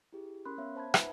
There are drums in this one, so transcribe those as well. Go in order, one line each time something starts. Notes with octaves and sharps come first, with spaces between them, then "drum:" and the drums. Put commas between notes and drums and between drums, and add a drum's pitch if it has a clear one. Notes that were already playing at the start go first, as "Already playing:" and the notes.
E4 G4 G#4
C#4 A#4 B5 C6 F#6
B3 C#5 E5 F5
C5 A5 B5 G#6
D#4 F4 B4 E5 F#5, drum: rim click